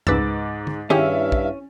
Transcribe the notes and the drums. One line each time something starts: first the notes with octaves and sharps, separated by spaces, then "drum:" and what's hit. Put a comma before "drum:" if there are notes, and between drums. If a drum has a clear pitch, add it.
C#2 G#2 B4 D6 E6 A6, drum: tom F2
drum: tom
G2 D#3 C#4 E4 G4 G#4 E5 F5
drum: kick